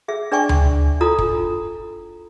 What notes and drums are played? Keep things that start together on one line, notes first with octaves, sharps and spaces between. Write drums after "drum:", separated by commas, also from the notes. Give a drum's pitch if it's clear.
G#4 E5
D4 G#4 D5 G5 G#5 C#6
drum: tom D2
E4 F4 A4 A#5 D#6
drum: kick